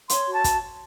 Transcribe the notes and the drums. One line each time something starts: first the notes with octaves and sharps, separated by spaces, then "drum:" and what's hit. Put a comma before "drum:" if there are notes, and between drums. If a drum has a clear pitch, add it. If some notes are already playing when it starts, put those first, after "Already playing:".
C#5 C6, drum: hi-hat
F#4
A5
drum: kick, hi-hat